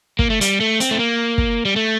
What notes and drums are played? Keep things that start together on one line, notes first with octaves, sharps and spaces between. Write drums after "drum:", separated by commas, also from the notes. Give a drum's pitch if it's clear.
A#3, drum: kick
A3
G3, drum: hi-hat
A3
C4, drum: hi-hat
A3
A#3
drum: kick
G3
A3